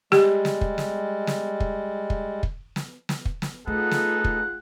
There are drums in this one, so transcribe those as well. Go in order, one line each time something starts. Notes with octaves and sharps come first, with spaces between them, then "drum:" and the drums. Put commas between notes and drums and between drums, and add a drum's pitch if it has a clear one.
G3 G#3 G4, drum: snare
drum: snare
drum: kick
drum: snare
drum: snare
drum: kick
drum: kick
drum: kick
drum: snare
drum: snare
drum: kick
drum: snare
A3 B3 D#4 F4 G#4 A4 F#5
drum: snare
drum: kick